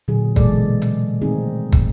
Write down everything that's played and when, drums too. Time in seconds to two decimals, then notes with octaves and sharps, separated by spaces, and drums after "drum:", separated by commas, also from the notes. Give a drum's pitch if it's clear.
0.08 A#2 D3 F#3 G#4
0.36 B2 E3 G#3 G#4 A4 D5, drum: kick, hi-hat
0.82 drum: hi-hat
1.22 D#3 A3 C4 D#4 G#4
1.72 drum: kick, hi-hat